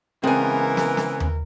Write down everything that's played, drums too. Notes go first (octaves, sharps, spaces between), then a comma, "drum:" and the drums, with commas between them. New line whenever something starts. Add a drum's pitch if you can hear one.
C#3 E3 G#3 B3 C4 A#4 G#5
drum: snare
drum: snare
drum: tom D#2